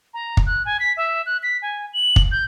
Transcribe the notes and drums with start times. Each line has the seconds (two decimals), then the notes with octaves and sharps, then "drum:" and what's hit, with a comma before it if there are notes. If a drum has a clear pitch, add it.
0.14 A#5
0.37 drum: kick
0.46 F#6
0.65 G#5
0.80 B6
0.97 E5
1.26 F#6
1.43 B6
1.62 G#5
1.94 F#7
2.16 drum: kick
2.32 G6